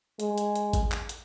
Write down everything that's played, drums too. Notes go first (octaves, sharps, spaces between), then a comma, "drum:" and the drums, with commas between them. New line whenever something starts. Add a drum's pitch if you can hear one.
G#3, drum: hi-hat
drum: hi-hat
drum: hi-hat
drum: kick G#1, hi-hat
drum: clap
drum: hi-hat